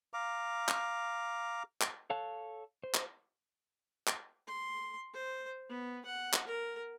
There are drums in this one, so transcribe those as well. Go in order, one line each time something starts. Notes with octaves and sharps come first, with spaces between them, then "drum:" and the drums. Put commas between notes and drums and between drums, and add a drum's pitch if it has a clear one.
F5 A#5 D6
drum: clap
drum: clap
A4 C#5 F5 A5 F#6
C5
drum: clap
drum: clap
C6
C5
B3
F#5
drum: clap
A#4